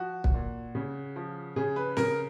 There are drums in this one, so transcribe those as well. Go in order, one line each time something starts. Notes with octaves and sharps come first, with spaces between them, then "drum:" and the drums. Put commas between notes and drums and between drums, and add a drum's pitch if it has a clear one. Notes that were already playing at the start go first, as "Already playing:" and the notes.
Already playing: F3 F#4
drum: kick
A#2
C#3
F3
C#3 G#4
B4
C#3 A#4, drum: snare